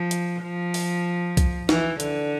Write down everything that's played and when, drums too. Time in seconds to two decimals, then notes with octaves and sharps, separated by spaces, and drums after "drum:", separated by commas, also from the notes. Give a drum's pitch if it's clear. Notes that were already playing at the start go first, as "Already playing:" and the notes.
Already playing: F3
0.11 drum: hi-hat
0.43 F3
0.74 drum: open hi-hat
1.37 drum: kick B1, hi-hat
1.69 E3, drum: snare
2.00 D3, drum: hi-hat